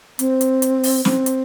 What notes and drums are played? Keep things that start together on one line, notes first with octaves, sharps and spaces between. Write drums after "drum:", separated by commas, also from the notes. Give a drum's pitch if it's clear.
C4, drum: hi-hat
drum: hi-hat
drum: hi-hat
drum: open hi-hat
C4, drum: snare
drum: hi-hat